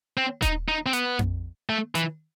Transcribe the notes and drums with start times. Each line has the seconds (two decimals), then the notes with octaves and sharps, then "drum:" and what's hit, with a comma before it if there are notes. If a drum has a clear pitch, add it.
0.17 C4
0.42 D#4, drum: kick D#1, hi-hat
0.68 D#4
0.86 C4
0.93 B3, drum: hi-hat
1.19 drum: tom F2
1.69 A3
1.95 E3, drum: hi-hat